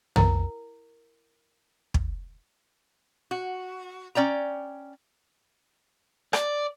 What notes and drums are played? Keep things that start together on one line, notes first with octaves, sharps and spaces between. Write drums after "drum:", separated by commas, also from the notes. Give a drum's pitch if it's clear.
E4 A#4, drum: tom
drum: kick
F#4
C#4 D5 G5 A#5
D5, drum: rim click